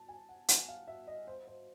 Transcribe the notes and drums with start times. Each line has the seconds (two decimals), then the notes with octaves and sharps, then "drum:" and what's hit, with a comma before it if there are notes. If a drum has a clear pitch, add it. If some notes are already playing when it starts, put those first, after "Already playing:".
Already playing: A5
0.08 G#5
0.29 F#5
0.48 F#5, drum: hi-hat
0.68 F5
0.88 E5
1.07 D#5
1.27 C5
1.47 C5